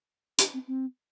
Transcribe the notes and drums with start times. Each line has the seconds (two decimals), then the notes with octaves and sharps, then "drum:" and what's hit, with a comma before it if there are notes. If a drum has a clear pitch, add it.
0.38 G4, drum: hi-hat
0.53 C4
0.68 C4